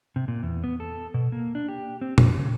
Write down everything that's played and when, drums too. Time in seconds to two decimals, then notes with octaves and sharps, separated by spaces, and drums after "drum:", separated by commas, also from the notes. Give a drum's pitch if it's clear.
0.16 C3
0.28 A#2
0.43 E2
0.64 B3
0.80 A4
1.14 B2
1.32 A#3
1.55 D4
1.69 G4
2.01 C4
2.18 F2, drum: tom A#2
2.34 C#3